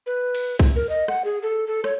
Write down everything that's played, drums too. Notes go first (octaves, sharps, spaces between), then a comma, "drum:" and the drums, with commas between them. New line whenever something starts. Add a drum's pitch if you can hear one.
B4
drum: cymbal
drum: kick B1, cymbal
A#4
D#5
F#5, drum: rim click
G#4
A4
A4
C#5, drum: rim click